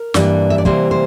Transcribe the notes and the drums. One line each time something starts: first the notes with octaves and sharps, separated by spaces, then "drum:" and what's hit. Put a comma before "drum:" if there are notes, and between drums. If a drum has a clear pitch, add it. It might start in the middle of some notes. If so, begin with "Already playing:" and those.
Already playing: A#4
G2 E3 G3 A#3, drum: snare
E5
D5
C3 E3 G3 A#3 C5, drum: kick
C5